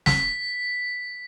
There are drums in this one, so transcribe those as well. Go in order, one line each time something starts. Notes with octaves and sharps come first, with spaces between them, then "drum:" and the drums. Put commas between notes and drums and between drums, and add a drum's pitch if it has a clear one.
B6, drum: snare